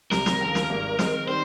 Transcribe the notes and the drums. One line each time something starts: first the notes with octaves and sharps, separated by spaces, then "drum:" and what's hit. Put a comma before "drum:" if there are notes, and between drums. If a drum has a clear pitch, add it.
C2 C3 G3 A#4, drum: snare
drum: snare
D#2 C#3 F3
drum: snare
G#1 G#2 G3 A#3
D#3 G#3 C4 D#4, drum: snare
D#3 G3 C4 C5